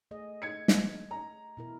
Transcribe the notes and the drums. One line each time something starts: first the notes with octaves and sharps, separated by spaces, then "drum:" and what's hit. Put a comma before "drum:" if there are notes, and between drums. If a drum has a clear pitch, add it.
A3 G#4 D#5
G#6 C#7
drum: snare
A#5
B2 E4 A#4